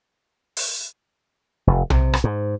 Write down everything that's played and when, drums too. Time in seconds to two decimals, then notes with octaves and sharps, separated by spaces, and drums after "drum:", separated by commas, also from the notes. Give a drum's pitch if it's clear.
0.57 drum: open hi-hat
1.67 F1
1.90 C3, drum: tom B1
2.13 drum: rim click
2.24 G#2